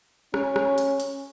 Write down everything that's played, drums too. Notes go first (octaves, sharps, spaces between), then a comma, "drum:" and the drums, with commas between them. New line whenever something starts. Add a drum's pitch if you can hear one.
C#4, drum: rim click
drum: rim click
drum: hi-hat
drum: hi-hat